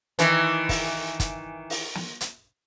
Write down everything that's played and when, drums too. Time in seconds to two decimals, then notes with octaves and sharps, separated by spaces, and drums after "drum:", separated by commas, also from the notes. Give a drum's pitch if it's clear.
0.19 D#3 E3, drum: hi-hat
0.69 drum: kick, open hi-hat
1.20 drum: kick, hi-hat
1.70 drum: open hi-hat
1.95 drum: snare
2.21 drum: hi-hat